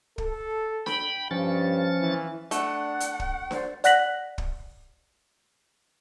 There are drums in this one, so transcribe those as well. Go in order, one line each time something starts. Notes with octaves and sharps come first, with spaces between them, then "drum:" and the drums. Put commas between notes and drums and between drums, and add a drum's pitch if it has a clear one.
A4, drum: kick
G5 B5, drum: snare D4
G2 F3 C#4 A6
E3
A3 D4 F#5, drum: hi-hat
drum: hi-hat
drum: kick
C5 D5, drum: snare D4
D5 F#5 F#6 A#6 B6 F#7, drum: hi-hat
drum: kick